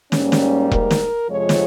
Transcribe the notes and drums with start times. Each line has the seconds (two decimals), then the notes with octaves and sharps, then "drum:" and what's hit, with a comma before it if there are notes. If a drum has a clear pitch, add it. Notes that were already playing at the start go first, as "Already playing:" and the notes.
0.12 G#2 G3 A#3 C#4, drum: snare
0.32 drum: snare
0.71 A#4, drum: kick E1
0.91 drum: snare
1.29 F2 C3 F3 G#3 C#5
1.49 drum: snare